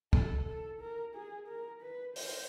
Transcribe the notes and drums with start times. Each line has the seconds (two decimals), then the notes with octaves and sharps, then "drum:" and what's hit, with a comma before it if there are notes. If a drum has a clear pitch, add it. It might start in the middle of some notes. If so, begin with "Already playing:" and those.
0.13 A4, drum: kick
0.48 A4
0.81 A#4
1.15 G#4
1.48 A#4
1.82 B4
2.16 C5, drum: open hi-hat